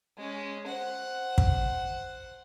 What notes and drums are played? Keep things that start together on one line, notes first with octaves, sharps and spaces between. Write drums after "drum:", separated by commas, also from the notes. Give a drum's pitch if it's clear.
G#3 C#4
C5 F#5
drum: kick